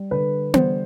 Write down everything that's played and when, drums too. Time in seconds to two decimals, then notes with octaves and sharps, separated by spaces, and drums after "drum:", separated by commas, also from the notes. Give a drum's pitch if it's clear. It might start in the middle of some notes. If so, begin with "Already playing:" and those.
Already playing: G3
0.11 D3 B4
0.54 G3 C5, drum: tom B3